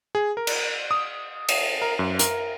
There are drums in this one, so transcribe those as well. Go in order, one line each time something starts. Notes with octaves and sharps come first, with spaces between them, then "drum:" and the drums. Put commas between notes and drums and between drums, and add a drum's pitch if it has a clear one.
G#4
A#4
drum: cymbal
D#6
drum: cymbal
A#4
F#2
A#4, drum: hi-hat